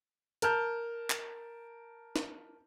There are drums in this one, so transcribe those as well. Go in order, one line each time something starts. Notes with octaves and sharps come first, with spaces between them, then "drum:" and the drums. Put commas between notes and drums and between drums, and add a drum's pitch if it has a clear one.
A#4 A5 F6 G6, drum: hi-hat
drum: clap
drum: snare